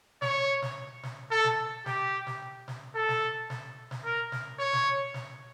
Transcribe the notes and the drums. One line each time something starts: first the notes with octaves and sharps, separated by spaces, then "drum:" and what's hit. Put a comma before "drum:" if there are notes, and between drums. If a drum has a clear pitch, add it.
C#5, drum: snare
drum: snare
drum: snare
A4
drum: snare
G4, drum: snare
drum: snare
drum: snare
A4
drum: snare
drum: snare
drum: snare
A#4
drum: snare
C#5
drum: snare
drum: snare